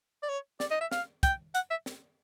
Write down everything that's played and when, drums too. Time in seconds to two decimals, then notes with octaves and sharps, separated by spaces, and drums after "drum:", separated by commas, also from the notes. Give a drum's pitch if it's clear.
0.23 D5
0.29 C#5
0.60 D5, drum: snare
0.71 D#5
0.81 E5
0.92 F5, drum: snare
1.23 G5, drum: kick, hi-hat
1.55 F#5, drum: hi-hat
1.70 E5
1.86 drum: snare